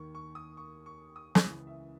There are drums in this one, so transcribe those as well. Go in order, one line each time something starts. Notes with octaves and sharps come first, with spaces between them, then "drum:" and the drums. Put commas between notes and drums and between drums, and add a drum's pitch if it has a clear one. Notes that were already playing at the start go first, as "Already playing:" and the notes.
Already playing: D#2 D#3 C#6
C#6
D#6
C#6
C#6
D#6
C#6, drum: snare
C#2 C#3 E3 D#6
E5